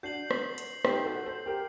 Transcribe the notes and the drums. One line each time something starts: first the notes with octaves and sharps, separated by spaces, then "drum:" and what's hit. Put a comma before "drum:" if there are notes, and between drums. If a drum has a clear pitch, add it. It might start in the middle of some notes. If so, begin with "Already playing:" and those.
D4 F#4 G6 C7 F#7
drum: rim click
drum: hi-hat
D#4 G4, drum: rim click
F#4 A4
A4 C5
G4 A#4